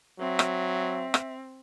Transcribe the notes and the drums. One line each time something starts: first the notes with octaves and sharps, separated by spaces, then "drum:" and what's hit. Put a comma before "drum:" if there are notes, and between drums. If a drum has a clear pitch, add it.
F#3 C4 E5
drum: rim click
drum: rim click